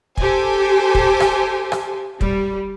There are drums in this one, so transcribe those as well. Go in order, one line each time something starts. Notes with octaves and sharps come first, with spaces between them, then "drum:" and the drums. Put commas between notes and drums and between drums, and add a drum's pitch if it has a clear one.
G4 A4 C5 G#5, drum: kick
drum: kick
drum: rim click
drum: rim click
G3, drum: kick